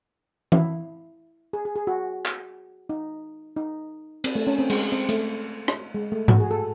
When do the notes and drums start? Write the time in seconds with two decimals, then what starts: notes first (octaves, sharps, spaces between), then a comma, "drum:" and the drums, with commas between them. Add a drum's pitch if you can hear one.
0.52 E4, drum: tom E3
1.53 G#4
1.65 G#4
1.76 G#4
1.87 F#4
2.26 drum: clap
2.89 D#4
3.56 D#4
4.24 C4, drum: cymbal
4.35 A3
4.47 C#4
4.59 C4
4.70 G#3, drum: cymbal
4.92 C4
5.09 A3, drum: hi-hat
5.68 drum: rim click
5.94 G#3
6.12 A3
6.28 F#4, drum: tom G#2
6.40 G#4
6.51 A4